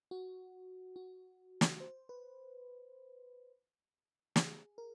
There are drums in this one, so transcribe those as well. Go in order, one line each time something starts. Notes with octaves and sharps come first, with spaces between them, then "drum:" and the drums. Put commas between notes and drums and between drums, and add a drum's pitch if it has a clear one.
F#4
F#4
drum: snare
C5
B4
G#4, drum: snare
A#4